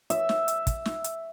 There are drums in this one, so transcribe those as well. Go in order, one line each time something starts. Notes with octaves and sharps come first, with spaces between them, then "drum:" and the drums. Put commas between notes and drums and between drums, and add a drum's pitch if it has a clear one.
E5, drum: hi-hat
drum: snare
drum: hi-hat
drum: kick, hi-hat
drum: snare
drum: hi-hat